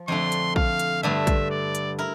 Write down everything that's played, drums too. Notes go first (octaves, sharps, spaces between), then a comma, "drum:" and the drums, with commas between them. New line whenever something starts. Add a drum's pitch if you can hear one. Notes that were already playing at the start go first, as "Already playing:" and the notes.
Already playing: F3
F2 D3 A3 C6
drum: hi-hat
F5, drum: kick
drum: hi-hat
G2 D3 A3 E5
drum: kick, hi-hat
D5
drum: hi-hat
E4 A#4